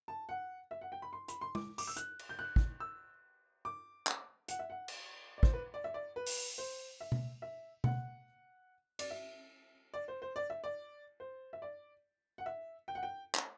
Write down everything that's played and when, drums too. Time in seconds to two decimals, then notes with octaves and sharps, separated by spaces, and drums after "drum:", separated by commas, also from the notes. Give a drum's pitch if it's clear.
0.08 A5
0.29 F#5
0.71 E5
0.81 F#5
0.92 G5
1.02 B5
1.13 C6
1.28 B5, drum: hi-hat
1.41 C6
1.55 D6, drum: tom
1.78 D6, drum: open hi-hat
1.87 E6
1.97 F#6, drum: hi-hat
2.19 drum: cymbal
2.29 G6
2.39 F#6
2.56 drum: kick
2.80 E6
3.65 D6
4.07 drum: clap
4.48 F#5, drum: hi-hat
4.59 E5
4.70 F#5
4.88 drum: cymbal
5.38 D5
5.43 C5, drum: kick
5.53 B4
5.74 D5
5.84 E5
5.94 D5
6.16 B4
6.26 drum: open hi-hat
6.58 C5
7.00 E5
7.12 drum: tom B2
7.42 E5
7.84 F#5, drum: tom B2
8.99 D5, drum: cymbal
9.10 E5
9.94 D5
10.08 C5
10.22 C5
10.36 D5
10.50 E5
10.64 D5
11.20 C5
11.53 E5
11.62 D5
12.38 F#5
12.46 E5
12.88 G5
12.95 F#5
13.03 G5
13.35 drum: clap